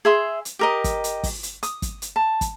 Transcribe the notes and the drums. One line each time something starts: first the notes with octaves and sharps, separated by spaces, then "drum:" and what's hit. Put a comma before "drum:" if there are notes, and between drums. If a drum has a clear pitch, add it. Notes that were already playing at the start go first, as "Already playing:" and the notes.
G#4 E5 C6
drum: hi-hat
G4 A#4 D#5
drum: kick, hi-hat
drum: hi-hat
drum: kick, open hi-hat
drum: hi-hat
D#6, drum: hi-hat
drum: kick, hi-hat
drum: hi-hat
A5
drum: kick, hi-hat